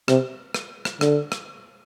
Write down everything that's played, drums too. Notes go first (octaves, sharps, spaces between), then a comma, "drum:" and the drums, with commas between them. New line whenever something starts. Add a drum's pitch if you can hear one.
C3, drum: rim click
drum: rim click
drum: rim click
D3, drum: rim click
drum: rim click